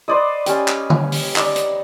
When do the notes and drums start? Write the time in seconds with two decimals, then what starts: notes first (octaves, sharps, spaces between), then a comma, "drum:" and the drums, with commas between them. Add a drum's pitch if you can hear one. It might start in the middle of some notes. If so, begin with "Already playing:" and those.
0.08 B4 C5 D5 D#5
0.46 C#4 G4 G5, drum: hi-hat
0.68 drum: clap
0.90 drum: tom D3
1.12 drum: open hi-hat
1.36 D#4 D5, drum: clap
1.56 drum: hi-hat